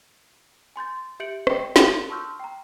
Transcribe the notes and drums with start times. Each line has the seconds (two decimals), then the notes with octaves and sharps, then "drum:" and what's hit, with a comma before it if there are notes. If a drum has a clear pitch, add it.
0.76 G#5 C6 G6 A6
1.20 G4 E5 G6 C#7 D7 F#7
1.47 D#5 G5, drum: rim click
1.76 drum: snare
2.10 A5 C6 C#6 E6 F6 G6
2.40 G5 A#5